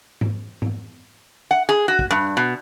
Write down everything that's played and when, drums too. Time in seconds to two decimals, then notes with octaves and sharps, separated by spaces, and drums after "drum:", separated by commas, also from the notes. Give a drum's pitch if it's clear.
0.21 drum: tom G#2
0.62 drum: tom G#2
1.51 F#5
1.69 G#4
1.88 F#4
1.99 drum: kick
2.11 G2
2.37 B2